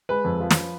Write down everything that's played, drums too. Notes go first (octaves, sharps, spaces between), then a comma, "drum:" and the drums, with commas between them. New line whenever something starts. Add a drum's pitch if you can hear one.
G#3 B4
F2
F3
drum: snare